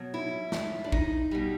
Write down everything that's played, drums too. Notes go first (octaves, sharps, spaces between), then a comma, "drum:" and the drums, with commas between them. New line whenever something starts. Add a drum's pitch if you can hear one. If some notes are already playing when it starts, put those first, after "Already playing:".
Already playing: B2 F#3
E4
A2 F3, drum: snare
D4
D#4, drum: kick A#1
B2 G3